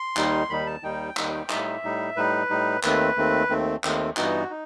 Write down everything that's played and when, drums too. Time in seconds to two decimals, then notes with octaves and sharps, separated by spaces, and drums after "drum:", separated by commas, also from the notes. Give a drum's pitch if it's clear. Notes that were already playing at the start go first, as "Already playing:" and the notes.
Already playing: C6
0.17 D#2 D#3 G3 D#4, drum: clap
0.50 D#2 D#3 G3 D#4 B5
0.66 A5
0.83 D#2 D#3 G3 D#4 G5
1.17 D#2 D#3 G3 D#4, drum: clap
1.50 A2 G3 D#4 E5, drum: clap
1.84 A2 G3 D#4
2.16 A2 G3 D#4 B4
2.50 A2 G3 D#4
2.83 D#2 D#3 A3 C4 B4, drum: clap
3.17 D#2 D#3 A3 C4
3.50 D#2 D#3 A3 C4
3.84 D#2 D#3 A3 C4, drum: clap
4.17 G2 E3 B3 D#4 F#4, drum: clap
4.50 D#4